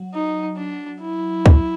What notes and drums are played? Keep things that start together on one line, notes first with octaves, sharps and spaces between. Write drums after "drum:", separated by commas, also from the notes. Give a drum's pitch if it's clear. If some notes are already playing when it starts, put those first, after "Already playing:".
Already playing: F#3
D#4
D4
E4
drum: kick